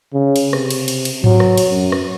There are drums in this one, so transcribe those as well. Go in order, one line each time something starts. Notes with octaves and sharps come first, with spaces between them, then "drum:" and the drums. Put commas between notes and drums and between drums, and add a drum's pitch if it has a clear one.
C#3
drum: cymbal
C3, drum: rim click
drum: cymbal
drum: cymbal
drum: cymbal
F#3, drum: tom G#2
drum: rim click
drum: cymbal
F#2
drum: rim click